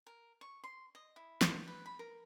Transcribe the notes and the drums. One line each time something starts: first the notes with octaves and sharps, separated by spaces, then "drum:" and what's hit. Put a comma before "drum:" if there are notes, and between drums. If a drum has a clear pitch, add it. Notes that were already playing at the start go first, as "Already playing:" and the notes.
A#4
C#6
C6
D#5
E4
C5, drum: snare
B4
B5
A#4